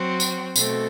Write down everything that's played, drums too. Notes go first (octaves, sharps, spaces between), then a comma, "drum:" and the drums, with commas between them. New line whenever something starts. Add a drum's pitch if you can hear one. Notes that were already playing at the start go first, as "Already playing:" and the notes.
Already playing: F#3 C4 F#4
drum: tambourine
B2 A3 C4, drum: tambourine